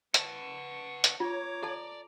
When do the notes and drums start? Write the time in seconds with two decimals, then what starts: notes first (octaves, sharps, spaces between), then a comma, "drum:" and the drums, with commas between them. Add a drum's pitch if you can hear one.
0.14 B4 F#5 A5 C#6, drum: hi-hat
1.04 drum: hi-hat
1.20 F4 C#5 A#5 D6
1.63 A4 D5 A5